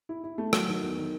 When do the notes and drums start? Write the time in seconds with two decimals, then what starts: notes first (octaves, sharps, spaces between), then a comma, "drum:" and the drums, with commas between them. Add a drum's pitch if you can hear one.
0.09 E4
0.24 E4
0.38 A3
0.53 F#3, drum: rim click
0.68 D#3
0.82 E2
0.97 D#3